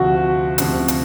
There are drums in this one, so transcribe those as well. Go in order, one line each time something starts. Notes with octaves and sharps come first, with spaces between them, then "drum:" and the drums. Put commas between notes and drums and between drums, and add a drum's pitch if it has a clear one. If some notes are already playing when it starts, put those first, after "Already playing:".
Already playing: D2 C3 F3 F#4
D2 C3 F3, drum: hi-hat
drum: hi-hat